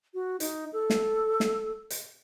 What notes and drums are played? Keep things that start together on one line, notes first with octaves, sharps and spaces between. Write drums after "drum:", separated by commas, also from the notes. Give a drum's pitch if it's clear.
F#4
D#4, drum: hi-hat
A4
drum: snare
drum: snare
drum: hi-hat